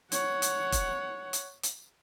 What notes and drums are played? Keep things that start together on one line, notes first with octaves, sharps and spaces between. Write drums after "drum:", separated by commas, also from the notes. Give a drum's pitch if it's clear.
C#5 F#5, drum: hi-hat
drum: hi-hat
drum: kick E1, hi-hat
drum: hi-hat
drum: hi-hat